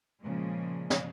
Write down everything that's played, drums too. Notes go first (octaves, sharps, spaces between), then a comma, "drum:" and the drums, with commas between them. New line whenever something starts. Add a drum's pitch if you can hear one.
A#2 C#3 F3 G#3
drum: snare